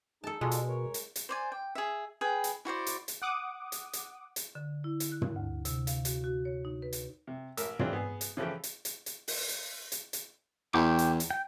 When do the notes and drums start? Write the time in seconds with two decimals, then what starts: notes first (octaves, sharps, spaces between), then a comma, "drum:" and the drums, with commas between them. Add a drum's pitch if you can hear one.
0.24 D#4 G#4 A4 A5
0.41 B2 G#3 F4 A4 D5
0.51 drum: hi-hat
0.68 A#4 C#5
0.94 drum: hi-hat
1.16 drum: hi-hat
1.29 C5 D5 G#5
1.52 G5
1.75 G#4 E5
2.21 G#4 B4 G5
2.44 drum: hi-hat
2.65 E4 F#4 C5 D5
2.87 drum: hi-hat
3.08 drum: hi-hat
3.22 F#5 D6 D#6
3.72 drum: hi-hat
3.93 drum: hi-hat
4.36 drum: hi-hat
4.55 D3
4.84 E4
5.00 drum: hi-hat
5.12 F#6
5.22 drum: tom
5.36 D2
5.65 C3, drum: hi-hat
5.87 F5, drum: hi-hat
6.05 F#4, drum: hi-hat
6.24 F#4
6.45 C#5
6.65 D#4
6.82 B4
6.93 drum: hi-hat
7.27 C3
7.57 A1 A#4 E5, drum: hi-hat
7.79 E3 F#3 G#3 C4 D4 F4, drum: tom
7.93 B3 G#4
8.21 drum: hi-hat
8.37 C#3 E3 F3 A3 G4
8.64 drum: hi-hat
8.85 drum: hi-hat
9.06 drum: hi-hat
9.28 drum: open hi-hat
9.49 drum: hi-hat
9.92 drum: hi-hat
10.13 drum: hi-hat
10.74 E2 G5 C#6 D6
10.99 drum: hi-hat
11.20 drum: hi-hat
11.31 G5